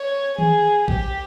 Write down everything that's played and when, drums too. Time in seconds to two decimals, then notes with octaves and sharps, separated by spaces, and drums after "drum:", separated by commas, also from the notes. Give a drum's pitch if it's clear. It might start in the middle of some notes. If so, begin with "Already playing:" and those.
Already playing: C#5
0.38 G#4, drum: tom D#3
0.88 G4, drum: kick A#1